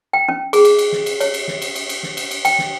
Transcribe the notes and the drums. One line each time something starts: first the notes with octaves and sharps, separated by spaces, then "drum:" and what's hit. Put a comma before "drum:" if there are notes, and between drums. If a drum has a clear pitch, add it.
G5
C#4
G#4, drum: cymbal
drum: cymbal
drum: cymbal
drum: snare
drum: cymbal
C#5, drum: cymbal
drum: cymbal
drum: snare
drum: cymbal
drum: cymbal
drum: cymbal
drum: snare
drum: cymbal
drum: cymbal
G5, drum: cymbal
drum: snare